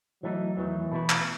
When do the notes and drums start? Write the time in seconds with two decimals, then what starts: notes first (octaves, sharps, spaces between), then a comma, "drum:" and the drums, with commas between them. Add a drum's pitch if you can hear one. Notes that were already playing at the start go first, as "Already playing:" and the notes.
0.23 E3 F#3 A3 D#4
0.57 E2 D#3 E3 F#3 A3
0.92 B2 A3 E4 B4
1.09 drum: clap